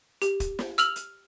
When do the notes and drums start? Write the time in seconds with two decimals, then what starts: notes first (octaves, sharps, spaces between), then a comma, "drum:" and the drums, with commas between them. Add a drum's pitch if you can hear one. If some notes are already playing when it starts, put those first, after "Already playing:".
0.22 G4, drum: hi-hat
0.40 drum: kick, hi-hat
0.59 drum: snare
0.78 E6 F6 F7 F#7, drum: hi-hat
0.96 drum: hi-hat